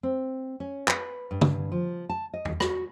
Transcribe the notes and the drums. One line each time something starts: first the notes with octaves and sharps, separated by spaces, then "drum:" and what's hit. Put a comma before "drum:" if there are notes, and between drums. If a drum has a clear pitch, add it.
C4
C#4
B4, drum: clap
G2
drum: tom
F3
A5
D#5
drum: tom E2
F#4, drum: rim click